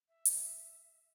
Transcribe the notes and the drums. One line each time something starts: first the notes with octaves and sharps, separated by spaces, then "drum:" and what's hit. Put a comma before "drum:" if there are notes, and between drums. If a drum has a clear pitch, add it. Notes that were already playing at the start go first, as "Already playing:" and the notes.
E5
drum: hi-hat